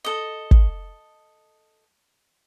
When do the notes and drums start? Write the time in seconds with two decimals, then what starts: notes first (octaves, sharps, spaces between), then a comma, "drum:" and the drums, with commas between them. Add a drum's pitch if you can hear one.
0.05 A4 D#5
0.51 drum: kick